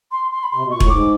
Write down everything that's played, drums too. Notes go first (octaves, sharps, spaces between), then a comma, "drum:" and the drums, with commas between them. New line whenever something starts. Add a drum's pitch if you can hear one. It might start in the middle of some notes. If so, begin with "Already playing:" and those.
C6
C6
B5
C3 C6
B2
A#2 C#6
A2, drum: kick E1
G#2 D6